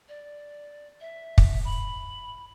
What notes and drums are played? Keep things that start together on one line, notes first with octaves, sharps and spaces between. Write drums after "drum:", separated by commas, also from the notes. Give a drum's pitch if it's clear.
D5
E5
drum: kick
B5